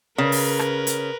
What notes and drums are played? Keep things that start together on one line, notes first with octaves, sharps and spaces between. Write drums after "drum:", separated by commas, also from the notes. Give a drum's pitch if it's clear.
C#3 A#4 B4
drum: open hi-hat
drum: rim click
drum: hi-hat